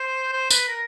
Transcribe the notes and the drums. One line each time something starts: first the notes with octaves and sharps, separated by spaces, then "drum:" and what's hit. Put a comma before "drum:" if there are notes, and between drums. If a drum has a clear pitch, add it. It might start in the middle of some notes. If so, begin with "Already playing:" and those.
Already playing: C5
C5
B4, drum: tambourine
A#4